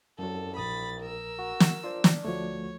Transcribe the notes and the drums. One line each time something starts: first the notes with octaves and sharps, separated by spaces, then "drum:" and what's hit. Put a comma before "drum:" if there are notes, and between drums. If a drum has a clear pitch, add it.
C2 F#2 F#3 A4
A#1 B5 D#6 A6
A#4 E6
F#4
drum: snare
D4 F4 C5
drum: snare
D2 F3 A3 F#4 C#5